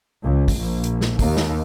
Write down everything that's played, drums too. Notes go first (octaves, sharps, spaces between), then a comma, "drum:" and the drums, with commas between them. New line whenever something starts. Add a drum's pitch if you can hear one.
C#2
drum: kick, open hi-hat
A#1
drum: hi-hat
drum: snare
D#2, drum: kick, open hi-hat
drum: snare